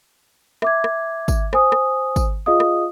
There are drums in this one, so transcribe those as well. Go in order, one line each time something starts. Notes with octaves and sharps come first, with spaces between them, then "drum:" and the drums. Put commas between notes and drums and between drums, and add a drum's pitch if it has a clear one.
E5 D6 G#6, drum: rim click
drum: rim click
drum: kick, tambourine
C5 G#5 D#6, drum: rim click
drum: rim click
drum: kick, tambourine
F4 G#4 D#5 F5 D#6
drum: rim click